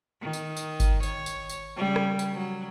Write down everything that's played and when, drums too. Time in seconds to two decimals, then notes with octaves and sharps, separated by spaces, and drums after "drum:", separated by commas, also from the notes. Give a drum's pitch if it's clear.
0.21 D#3
0.33 drum: tambourine
0.57 drum: tambourine
0.80 drum: kick G1, tambourine
1.03 C#5, drum: tambourine
1.26 drum: tambourine
1.49 drum: tambourine
1.77 C#3 G3
1.96 drum: rim click
2.19 drum: tambourine
2.33 F#3